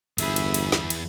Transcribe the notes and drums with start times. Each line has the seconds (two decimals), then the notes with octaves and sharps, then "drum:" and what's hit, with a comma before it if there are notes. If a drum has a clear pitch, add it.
0.18 G1 E2 G#4 E5 B5, drum: cymbal
0.36 drum: cymbal
0.54 drum: cymbal
0.72 drum: snare
0.90 drum: cymbal